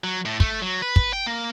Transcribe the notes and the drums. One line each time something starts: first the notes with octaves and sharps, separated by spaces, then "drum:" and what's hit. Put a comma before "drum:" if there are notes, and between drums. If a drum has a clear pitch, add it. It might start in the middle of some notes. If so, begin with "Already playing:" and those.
F#3
A2
A3, drum: kick
F#3
B4
drum: kick
G5
A#3